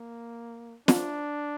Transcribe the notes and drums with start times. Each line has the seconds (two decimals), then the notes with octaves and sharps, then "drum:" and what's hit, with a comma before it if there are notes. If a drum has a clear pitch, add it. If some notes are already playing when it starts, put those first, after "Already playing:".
Already playing: A#3
0.88 D4, drum: snare